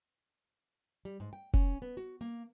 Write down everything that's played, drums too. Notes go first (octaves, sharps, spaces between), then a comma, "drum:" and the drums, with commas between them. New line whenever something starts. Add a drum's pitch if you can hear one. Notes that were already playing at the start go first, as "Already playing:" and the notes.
G3
G#2
G5
C#4, drum: kick F1
B3
F#4
A#3